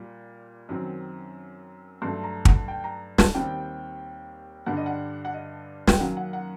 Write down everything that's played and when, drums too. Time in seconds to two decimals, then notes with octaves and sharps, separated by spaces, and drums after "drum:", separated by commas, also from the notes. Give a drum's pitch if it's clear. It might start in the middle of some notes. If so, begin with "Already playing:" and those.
Already playing: A#2 G3
0.69 F#2 D#3 F#3 C4
2.02 G2 F#3 A3 C6
2.24 A#5
2.45 F#5, drum: kick
2.68 G5
2.84 A#5
3.18 A5, drum: snare
3.34 D#2 D#3 G3 C4 G5
4.66 G2 D3 G3 D4 F#5
4.77 D#5
4.86 F#5
5.25 F#5
5.34 D#5
5.87 G5, drum: snare
6.00 F#2 D#3 F#3 A#3 F#5
6.17 F#5
6.33 F#5